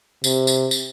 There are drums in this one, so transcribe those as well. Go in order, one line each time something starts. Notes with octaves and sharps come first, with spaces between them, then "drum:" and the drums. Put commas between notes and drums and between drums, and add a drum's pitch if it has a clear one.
C3, drum: tambourine
drum: tambourine
drum: tambourine